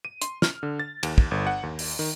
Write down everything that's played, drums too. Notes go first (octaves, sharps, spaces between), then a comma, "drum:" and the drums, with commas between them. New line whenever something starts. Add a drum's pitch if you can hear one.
D#7
C6, drum: hi-hat
F6, drum: snare
D3
A6
D#2, drum: cymbal
drum: kick
G1
F#5
D#2
drum: open hi-hat
D#3, drum: open hi-hat